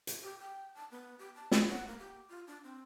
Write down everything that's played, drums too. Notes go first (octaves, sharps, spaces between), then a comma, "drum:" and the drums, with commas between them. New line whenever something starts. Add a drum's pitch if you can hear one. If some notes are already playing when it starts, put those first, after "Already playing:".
drum: hi-hat
G4
G5
A5
B3
G4
A5
drum: snare
F#5
A#3
G4
F4
D4
C4